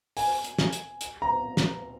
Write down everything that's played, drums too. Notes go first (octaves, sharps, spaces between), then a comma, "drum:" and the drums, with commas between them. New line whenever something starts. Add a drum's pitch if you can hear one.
G#5, drum: open hi-hat
drum: hi-hat
drum: snare
drum: hi-hat
drum: hi-hat
A#5
drum: snare